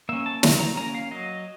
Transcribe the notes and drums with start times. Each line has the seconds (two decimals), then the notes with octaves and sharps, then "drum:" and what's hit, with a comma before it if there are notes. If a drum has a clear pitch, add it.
0.09 A#3 C#4 E5
0.26 A5
0.43 F#3 A#5, drum: snare
0.61 A#5
0.77 A#3 C#4 A#5
0.95 F5
1.11 F#3 D#5